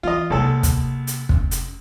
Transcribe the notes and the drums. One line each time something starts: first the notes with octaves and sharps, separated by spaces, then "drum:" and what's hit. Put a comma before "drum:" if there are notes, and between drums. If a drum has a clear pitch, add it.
E3 F4 D#5
B1 C3 G#3 A#3 A4
drum: kick, hi-hat
drum: hi-hat
F1 C#4, drum: kick
drum: hi-hat